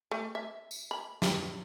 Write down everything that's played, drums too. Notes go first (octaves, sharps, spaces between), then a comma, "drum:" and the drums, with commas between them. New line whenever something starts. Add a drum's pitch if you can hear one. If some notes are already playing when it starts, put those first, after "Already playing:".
A3
E5
drum: tambourine
B5
G3, drum: snare